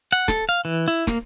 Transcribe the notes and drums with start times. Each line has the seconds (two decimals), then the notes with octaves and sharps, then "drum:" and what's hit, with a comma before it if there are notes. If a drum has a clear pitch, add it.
0.12 F#5
0.28 A4, drum: snare
0.49 F5
0.65 E3
0.88 E4
1.07 A#3, drum: snare